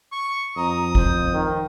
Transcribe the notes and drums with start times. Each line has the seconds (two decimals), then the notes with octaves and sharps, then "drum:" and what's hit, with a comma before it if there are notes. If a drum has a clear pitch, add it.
0.12 C#6
0.56 F2 A#5 D#6
0.95 C5, drum: kick G#1
1.34 D#3